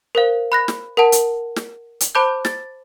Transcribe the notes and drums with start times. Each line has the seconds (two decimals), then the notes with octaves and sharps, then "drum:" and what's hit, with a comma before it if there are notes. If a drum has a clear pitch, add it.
0.15 A#4 C5 F5
0.52 B5 F#6 A#6
0.68 drum: snare
0.97 A#4 F#5 A5
1.12 drum: hi-hat
1.56 drum: snare
2.01 drum: hi-hat
2.15 C5 A5 B5 D6 F#6 G6
2.45 A6, drum: snare